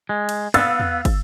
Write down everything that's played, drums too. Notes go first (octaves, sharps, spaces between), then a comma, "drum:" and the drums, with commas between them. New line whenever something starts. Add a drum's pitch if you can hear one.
G#3
drum: cymbal
B3 F5 E6 A6, drum: cymbal
drum: tom E2
drum: kick, cymbal